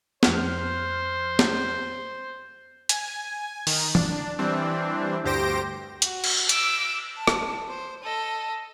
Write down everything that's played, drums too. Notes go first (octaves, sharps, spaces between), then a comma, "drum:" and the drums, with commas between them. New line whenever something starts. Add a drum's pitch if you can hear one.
F2 C5 F6 F#6, drum: snare
drum: snare
G#5, drum: hi-hat
D#3, drum: open hi-hat
D4, drum: tom E3
E3 G3 C4 D4
D2 G2 G4 C5 A#6 D7
F#4, drum: hi-hat
drum: cymbal
D6 E6, drum: hi-hat
A5
drum: rim click
C5
A4 D#5